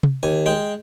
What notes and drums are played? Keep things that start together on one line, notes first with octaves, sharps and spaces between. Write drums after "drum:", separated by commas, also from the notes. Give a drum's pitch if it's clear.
drum: tom C3
D#2 G#5
G#3 G5